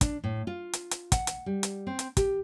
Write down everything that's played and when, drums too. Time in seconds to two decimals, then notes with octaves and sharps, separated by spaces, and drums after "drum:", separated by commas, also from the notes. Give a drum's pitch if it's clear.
0.01 D4, drum: kick, hi-hat
0.24 A2
0.47 F4
0.73 drum: hi-hat
0.91 drum: hi-hat
1.12 F#5, drum: kick, hi-hat
1.27 drum: hi-hat
1.46 G3
1.63 drum: hi-hat
1.87 C4
1.99 drum: hi-hat
2.17 G4, drum: kick, hi-hat